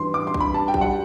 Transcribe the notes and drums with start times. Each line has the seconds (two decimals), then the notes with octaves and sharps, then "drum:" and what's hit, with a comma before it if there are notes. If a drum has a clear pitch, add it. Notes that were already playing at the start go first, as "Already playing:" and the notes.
Already playing: G2 E3 C6
0.14 G2 D6
0.27 C6
0.34 G2, drum: kick A#1
0.40 B5
0.54 G2 A5
0.68 G5
0.74 G3, drum: kick A#1
0.81 F#5